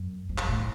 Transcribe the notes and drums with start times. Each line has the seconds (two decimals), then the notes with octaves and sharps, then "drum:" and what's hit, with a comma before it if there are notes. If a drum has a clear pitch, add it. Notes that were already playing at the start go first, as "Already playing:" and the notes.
Already playing: F#2
0.29 F2
0.38 F#2, drum: clap
0.48 A2
0.58 D#3